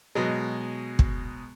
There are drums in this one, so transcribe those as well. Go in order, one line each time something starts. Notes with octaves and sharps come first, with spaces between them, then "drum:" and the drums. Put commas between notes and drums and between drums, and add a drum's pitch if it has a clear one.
B2 F#3 G#3
drum: kick